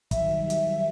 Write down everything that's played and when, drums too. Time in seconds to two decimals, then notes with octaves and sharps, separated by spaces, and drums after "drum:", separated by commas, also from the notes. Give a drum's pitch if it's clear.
0.11 D#3 F#3 G3 E5, drum: kick, hi-hat
0.50 drum: hi-hat